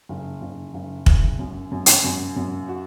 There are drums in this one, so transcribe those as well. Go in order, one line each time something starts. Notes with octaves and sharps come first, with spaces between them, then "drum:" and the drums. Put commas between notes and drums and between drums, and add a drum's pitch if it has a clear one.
F#1
F#1
F#1
F#1, drum: kick
F#2
F#2
drum: hi-hat
F#2
F#2
F#4